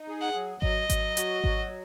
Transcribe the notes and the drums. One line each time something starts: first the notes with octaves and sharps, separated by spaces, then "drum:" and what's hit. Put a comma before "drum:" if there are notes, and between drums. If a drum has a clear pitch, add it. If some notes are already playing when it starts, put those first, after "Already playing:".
Already playing: D#4
G#4
F#5
F#3
F#3 D#5, drum: kick G#1
F#3, drum: kick G#1, hi-hat
F#4, drum: hi-hat
F#3, drum: kick G#1